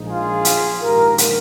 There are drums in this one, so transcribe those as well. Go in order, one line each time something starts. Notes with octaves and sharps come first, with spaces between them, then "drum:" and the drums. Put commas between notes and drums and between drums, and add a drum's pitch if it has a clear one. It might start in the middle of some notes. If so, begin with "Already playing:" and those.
Already playing: A#1 A#2 F3 G#3 D#4
F4 G#4
drum: hi-hat
A#1 G#2 D#3 G4 A#4
drum: hi-hat